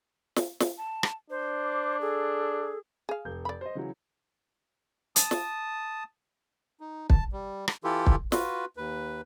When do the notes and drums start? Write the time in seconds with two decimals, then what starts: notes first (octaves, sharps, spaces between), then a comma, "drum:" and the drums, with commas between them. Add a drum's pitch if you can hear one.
0.36 drum: snare
0.60 drum: snare
0.78 A5
1.03 drum: rim click
1.30 D4 C5
1.63 D6
2.01 G#4 A4
3.09 G#4 F5
3.25 F1 G6
3.45 D5 B5
3.61 C5 D#5
3.75 C#3 E3 F#3
5.16 A5 D#6, drum: hi-hat
5.31 drum: snare
6.80 D#4
7.10 A5, drum: kick
7.32 G3
7.68 drum: rim click
7.84 E3 E4 F4 G4 A4
8.06 drum: kick
8.32 F4 F#4 B4, drum: snare
8.77 D#2 B4